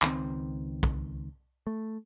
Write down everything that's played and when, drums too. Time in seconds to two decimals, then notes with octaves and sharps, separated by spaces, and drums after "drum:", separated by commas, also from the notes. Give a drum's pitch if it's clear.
0.02 C#2 D#3 G#3 C4, drum: clap
0.83 drum: kick
1.67 A3